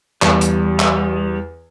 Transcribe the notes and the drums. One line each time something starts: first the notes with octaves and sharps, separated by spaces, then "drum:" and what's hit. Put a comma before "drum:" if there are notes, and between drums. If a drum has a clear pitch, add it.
E2 G3, drum: clap
drum: hi-hat
drum: clap